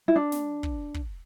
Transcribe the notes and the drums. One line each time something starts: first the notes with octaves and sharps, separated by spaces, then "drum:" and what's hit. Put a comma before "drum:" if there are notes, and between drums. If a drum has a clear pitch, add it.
E4
D4
drum: snare
drum: kick
drum: kick